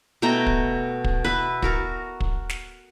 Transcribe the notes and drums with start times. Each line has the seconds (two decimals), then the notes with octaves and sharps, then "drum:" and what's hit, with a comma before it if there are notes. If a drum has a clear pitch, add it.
0.22 B2 A3 G5 A#5
0.46 drum: kick
1.04 drum: kick
1.24 B4 E5
1.62 F#4 A#4 A5, drum: kick
2.20 drum: kick
2.49 drum: snare